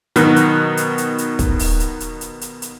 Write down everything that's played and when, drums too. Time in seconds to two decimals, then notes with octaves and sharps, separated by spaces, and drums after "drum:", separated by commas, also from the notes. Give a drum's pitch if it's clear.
0.16 B2 D#3 F#3, drum: hi-hat
0.36 drum: hi-hat
0.77 drum: hi-hat
0.98 drum: hi-hat
1.18 drum: hi-hat
1.39 drum: kick, hi-hat
1.59 drum: open hi-hat
1.80 drum: hi-hat
2.00 drum: hi-hat
2.21 drum: hi-hat
2.41 drum: hi-hat
2.62 drum: hi-hat